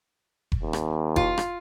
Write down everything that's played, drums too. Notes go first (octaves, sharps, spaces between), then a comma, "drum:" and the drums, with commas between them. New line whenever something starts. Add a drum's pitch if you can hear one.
drum: kick F1
D#2
drum: rim click
F4, drum: kick F1
drum: rim click